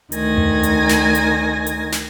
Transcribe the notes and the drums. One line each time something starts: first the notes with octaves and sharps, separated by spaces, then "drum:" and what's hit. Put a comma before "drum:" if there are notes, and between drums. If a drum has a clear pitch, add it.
D2 D#3 G#5 A#6, drum: hi-hat
drum: tom E2
drum: hi-hat
drum: snare
drum: hi-hat
drum: hi-hat
drum: snare